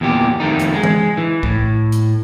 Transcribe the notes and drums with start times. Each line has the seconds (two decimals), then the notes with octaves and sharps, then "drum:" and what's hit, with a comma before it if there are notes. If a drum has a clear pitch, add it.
0.01 E2 A#2 G4
0.40 F2 D#3 A3 D#4
0.59 drum: hi-hat
0.73 G#3
0.83 drum: tom E3
1.17 E3
1.43 A2, drum: kick
1.92 drum: hi-hat